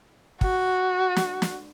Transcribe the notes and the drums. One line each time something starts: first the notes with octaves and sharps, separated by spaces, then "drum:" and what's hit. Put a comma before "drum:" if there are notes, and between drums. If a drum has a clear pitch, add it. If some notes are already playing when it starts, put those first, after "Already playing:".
F#4, drum: kick
drum: snare
drum: snare